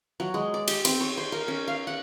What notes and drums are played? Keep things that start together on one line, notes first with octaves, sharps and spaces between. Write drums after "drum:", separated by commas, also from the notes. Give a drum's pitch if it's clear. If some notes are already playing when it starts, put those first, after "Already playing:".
F#3
G#3
D5
G4, drum: cymbal
C4, drum: cymbal
C#5
C5
A#4
C#4
F5
F#5